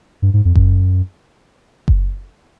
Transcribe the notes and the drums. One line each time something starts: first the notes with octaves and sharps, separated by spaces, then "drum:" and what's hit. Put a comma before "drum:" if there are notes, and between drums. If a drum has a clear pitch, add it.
G2
G#2
F2
F#2, drum: kick F#1
drum: kick F#1